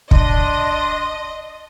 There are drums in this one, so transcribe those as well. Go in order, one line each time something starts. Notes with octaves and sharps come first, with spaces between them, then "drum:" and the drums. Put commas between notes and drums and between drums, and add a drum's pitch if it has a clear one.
D4 D#5 C6, drum: kick